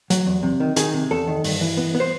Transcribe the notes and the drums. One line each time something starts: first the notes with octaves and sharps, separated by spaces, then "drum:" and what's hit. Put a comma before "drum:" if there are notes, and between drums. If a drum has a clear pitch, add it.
F#3, drum: hi-hat
E2
C3
D#3
D#3 G#4, drum: hi-hat
C3
E2 A4
D#3
G2, drum: open hi-hat
E3
B3
B3
C5